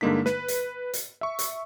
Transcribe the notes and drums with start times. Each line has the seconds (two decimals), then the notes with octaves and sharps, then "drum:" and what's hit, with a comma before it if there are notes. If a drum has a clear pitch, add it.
0.01 G2 D3 G#3 A#3 D#4 B6
0.26 B4, drum: snare
0.48 drum: hi-hat
0.93 drum: hi-hat
1.21 E5 C#6
1.39 drum: hi-hat